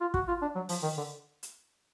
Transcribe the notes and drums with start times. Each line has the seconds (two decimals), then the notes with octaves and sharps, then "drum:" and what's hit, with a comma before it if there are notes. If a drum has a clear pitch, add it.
0.01 F4
0.14 F#4, drum: kick
0.28 F4
0.42 D4
0.55 F#3
0.69 F3, drum: open hi-hat
0.83 D#3
0.97 D3
1.43 drum: hi-hat